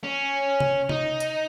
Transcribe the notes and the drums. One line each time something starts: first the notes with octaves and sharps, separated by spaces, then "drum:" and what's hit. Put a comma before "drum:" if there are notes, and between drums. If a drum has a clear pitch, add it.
C#4
drum: tom C3
D#4, drum: tom C3
drum: hi-hat